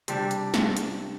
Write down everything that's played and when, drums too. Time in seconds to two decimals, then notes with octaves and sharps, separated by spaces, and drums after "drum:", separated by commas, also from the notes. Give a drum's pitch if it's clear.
0.08 C3 G3 D4, drum: hi-hat
0.31 drum: hi-hat
0.54 drum: snare
0.77 drum: hi-hat